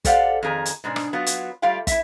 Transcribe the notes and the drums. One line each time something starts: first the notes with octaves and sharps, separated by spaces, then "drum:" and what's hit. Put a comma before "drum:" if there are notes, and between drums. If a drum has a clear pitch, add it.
G4 A4 C5 D5 F5 F#5, drum: kick, hi-hat
F2 D#3 G#4 A#5
drum: hi-hat
G#2 B2 G#3 D4
drum: rim click
F#3 B3 F4
drum: hi-hat
G3 A3 F4 G4 F5 G5
E4 E5, drum: kick, hi-hat